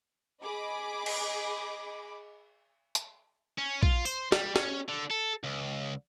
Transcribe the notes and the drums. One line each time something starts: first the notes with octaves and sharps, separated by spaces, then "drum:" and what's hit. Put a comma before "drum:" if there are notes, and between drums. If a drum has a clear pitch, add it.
G#4 D#5 B5 D6
drum: cymbal
drum: hi-hat
C#4
F4, drum: kick
C5, drum: tambourine
G3, drum: snare
C#4, drum: snare
D3
A4
C#2